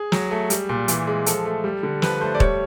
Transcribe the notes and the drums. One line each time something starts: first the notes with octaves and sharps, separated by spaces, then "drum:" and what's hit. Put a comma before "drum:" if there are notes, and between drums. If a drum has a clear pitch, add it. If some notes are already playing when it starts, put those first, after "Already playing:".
Already playing: G#4
F#3, drum: snare
A3
G3, drum: hi-hat
A#2
E3, drum: hi-hat
G#3
F3 A4, drum: hi-hat
A3
G3
D3
F3 B4, drum: snare
A3 C5
D5
G3 C#5, drum: kick